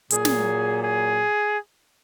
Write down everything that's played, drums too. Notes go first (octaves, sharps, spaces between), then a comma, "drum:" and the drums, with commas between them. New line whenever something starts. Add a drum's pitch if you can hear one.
A#2 F#3 G#4, drum: hi-hat
drum: snare
G#4